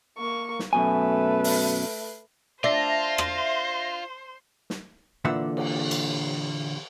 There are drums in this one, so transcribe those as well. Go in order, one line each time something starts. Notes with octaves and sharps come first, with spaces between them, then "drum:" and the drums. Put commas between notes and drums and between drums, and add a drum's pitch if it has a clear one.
A#3 C#6
drum: snare
F#2 B2 A3 B4 G#5
drum: open hi-hat
D4 F4 C5 E5 A#6
drum: rim click
drum: snare
A#2 D3 E3 E5 F#5
drum: cymbal
drum: cymbal